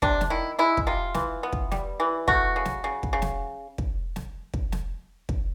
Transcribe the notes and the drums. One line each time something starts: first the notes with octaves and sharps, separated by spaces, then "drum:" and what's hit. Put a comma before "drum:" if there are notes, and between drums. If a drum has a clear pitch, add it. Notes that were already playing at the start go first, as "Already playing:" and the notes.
C3 D4, drum: kick
drum: snare
D#3 E4
G#3 E4
drum: kick
C3 F4
E3, drum: snare
B3
drum: kick
G3, drum: snare
E3
A3 F#4, drum: kick
C#3
drum: snare
C#3
drum: kick
C#3
drum: snare
drum: kick
drum: snare
drum: kick
drum: snare
drum: kick